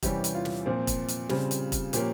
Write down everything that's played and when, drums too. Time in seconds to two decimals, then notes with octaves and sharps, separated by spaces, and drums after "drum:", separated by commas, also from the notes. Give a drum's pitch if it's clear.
0.03 E2 C3 E3 G3 C#4 G4, drum: kick E1, hi-hat
0.24 drum: hi-hat
0.35 F4
0.45 drum: snare
0.66 A#2 F3 C4
0.87 drum: kick E1, hi-hat
1.08 drum: hi-hat
1.29 C#3 G3 C4, drum: snare
1.51 drum: hi-hat
1.72 drum: kick E1, hi-hat
1.93 A#2 F3 A#3 C#4 G4, drum: hi-hat